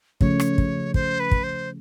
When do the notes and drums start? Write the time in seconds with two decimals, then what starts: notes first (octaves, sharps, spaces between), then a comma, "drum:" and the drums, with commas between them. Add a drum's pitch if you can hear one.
0.21 C#3 F3 A3 C#5, drum: kick
0.40 drum: rim click
0.58 drum: kick
0.94 C5, drum: kick
1.20 B4
1.31 drum: kick
1.43 C5